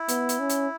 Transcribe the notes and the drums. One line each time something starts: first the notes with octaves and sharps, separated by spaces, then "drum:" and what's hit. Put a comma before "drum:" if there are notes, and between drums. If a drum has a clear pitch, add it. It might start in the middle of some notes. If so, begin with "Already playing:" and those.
Already playing: E4
B3, drum: hi-hat
drum: hi-hat
C#4
drum: hi-hat